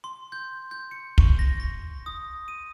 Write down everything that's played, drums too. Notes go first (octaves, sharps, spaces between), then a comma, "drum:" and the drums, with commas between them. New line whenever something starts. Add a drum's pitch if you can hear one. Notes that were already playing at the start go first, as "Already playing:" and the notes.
C6
G6
G6
C#7
C#6, drum: kick
A#6
A#6
D#6
D#7